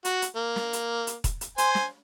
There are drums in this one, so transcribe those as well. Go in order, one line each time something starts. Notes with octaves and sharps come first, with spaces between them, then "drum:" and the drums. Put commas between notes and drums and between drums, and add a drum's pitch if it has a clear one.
F#4, drum: hi-hat
drum: hi-hat
A#3
drum: snare
drum: hi-hat
drum: hi-hat
drum: kick E1, hi-hat
drum: hi-hat
C5 G#5, drum: hi-hat
drum: snare